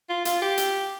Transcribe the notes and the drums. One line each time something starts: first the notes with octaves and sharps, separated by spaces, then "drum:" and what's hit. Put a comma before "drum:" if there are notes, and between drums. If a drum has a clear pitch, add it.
F4
F4, drum: hi-hat
G4
drum: hi-hat